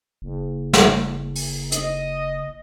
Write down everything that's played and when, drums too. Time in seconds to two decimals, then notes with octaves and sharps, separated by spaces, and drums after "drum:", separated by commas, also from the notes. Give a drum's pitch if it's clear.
0.22 F#1
0.73 drum: snare
1.36 drum: open hi-hat
1.72 D#5, drum: hi-hat